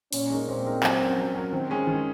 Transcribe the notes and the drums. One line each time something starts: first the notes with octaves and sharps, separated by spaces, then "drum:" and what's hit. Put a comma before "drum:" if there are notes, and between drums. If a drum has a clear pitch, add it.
A#2 C#4, drum: open hi-hat
G#3 D#4 A#4
A#2 C4
G#3 D#4 A#4
F#3, drum: clap
C#4 F#4 A#4
F#3
C#4 F#4 A#4
D#3 C4
G#3 C#4 G#4
D#3